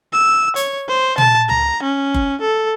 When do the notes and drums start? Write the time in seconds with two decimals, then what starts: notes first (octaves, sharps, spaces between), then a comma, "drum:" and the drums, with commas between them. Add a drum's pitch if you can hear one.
0.13 E6
0.56 C#5, drum: hi-hat
0.88 C5
1.18 A5, drum: tom
1.49 A#5, drum: tom C#2
1.83 C#4
2.14 drum: kick F#1
2.41 A4